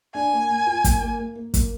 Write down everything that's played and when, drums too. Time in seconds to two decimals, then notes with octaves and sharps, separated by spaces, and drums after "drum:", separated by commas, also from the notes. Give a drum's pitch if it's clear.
0.15 D4 G#5
0.33 A#3
0.49 A#3
0.67 F4
0.84 A#3, drum: kick, hi-hat
1.02 A#3
1.19 A#3
1.36 A#3
1.54 A#3, drum: kick, hi-hat